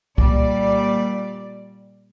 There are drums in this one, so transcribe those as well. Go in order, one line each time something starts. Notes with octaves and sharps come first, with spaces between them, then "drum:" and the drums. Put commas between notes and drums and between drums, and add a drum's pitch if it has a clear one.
A#2 G3 D5, drum: kick C2